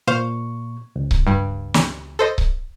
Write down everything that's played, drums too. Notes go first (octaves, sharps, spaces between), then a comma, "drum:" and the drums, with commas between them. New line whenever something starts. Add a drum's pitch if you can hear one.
A#2 C5 F5 C#6
C#2
drum: kick C#1
G2 G3
drum: snare
A4 C5 D#5
drum: kick C#1